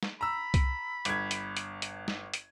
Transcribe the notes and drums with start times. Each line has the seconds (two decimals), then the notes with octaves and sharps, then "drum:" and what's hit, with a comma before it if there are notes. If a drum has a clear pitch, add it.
0.03 drum: snare
0.21 A#5 B5 E6
0.54 drum: kick C2, hi-hat
1.05 G1 G#6, drum: hi-hat
1.31 drum: hi-hat
1.57 drum: hi-hat
1.82 drum: hi-hat
2.08 drum: snare
2.34 drum: hi-hat